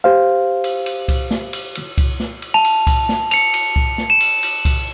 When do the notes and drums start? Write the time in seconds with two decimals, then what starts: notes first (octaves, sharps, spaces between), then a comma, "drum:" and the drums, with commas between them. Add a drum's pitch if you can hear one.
0.04 G4 C5 F5
0.64 drum: cymbal
0.86 drum: cymbal
1.08 drum: kick C2, cymbal
1.31 drum: snare
1.53 drum: cymbal
1.75 drum: cymbal
1.98 drum: kick C2, cymbal
2.20 drum: snare
2.42 drum: cymbal
2.54 A5 F7
2.64 drum: cymbal
2.87 drum: kick C2, cymbal
3.09 drum: snare
3.31 C#7 F7, drum: cymbal
3.54 drum: cymbal
3.76 drum: kick C2
3.98 drum: snare
4.10 E7
4.21 drum: cymbal
4.43 drum: cymbal
4.65 drum: kick C2, cymbal